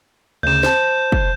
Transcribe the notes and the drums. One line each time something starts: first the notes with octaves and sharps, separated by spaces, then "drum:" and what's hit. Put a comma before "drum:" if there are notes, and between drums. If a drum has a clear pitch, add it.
D2 C#3 G6 E7
C5 A5, drum: snare
drum: kick